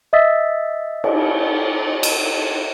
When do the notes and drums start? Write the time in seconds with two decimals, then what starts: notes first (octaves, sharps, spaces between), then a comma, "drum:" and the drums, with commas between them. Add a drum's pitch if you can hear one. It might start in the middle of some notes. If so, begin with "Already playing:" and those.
0.13 D#5 E5 D#6 E6 A6 B6
1.04 drum: cymbal
2.03 drum: cymbal